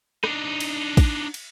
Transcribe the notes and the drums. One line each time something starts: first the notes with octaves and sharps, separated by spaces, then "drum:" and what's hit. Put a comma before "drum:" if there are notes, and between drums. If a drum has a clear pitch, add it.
D4 D#4, drum: rim click
drum: cymbal
drum: kick, cymbal
drum: cymbal